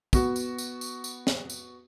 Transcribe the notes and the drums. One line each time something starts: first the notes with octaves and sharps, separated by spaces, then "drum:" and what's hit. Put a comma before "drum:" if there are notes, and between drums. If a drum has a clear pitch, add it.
B3 F#4, drum: kick, tambourine
drum: tambourine
drum: tambourine
drum: tambourine
drum: tambourine
drum: snare
drum: tambourine